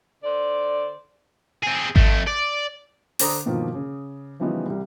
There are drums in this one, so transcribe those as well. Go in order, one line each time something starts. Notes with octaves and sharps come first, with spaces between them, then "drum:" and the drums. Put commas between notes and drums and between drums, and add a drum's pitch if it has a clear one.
D3 C5 D5
C4 G#4
F2 A3, drum: kick G#1
D5
D3 D4 C5 A#5 D6 D#6, drum: open hi-hat
G2 B2 D#3 F3 A#3
C#3
C#3 E3 F3 G3 B3 D#4
C2 G3